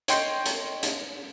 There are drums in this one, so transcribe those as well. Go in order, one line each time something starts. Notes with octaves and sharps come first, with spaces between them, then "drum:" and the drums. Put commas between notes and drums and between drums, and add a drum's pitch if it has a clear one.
C#5 D#5 G5 C6 G6 C#7, drum: hi-hat
drum: hi-hat
drum: hi-hat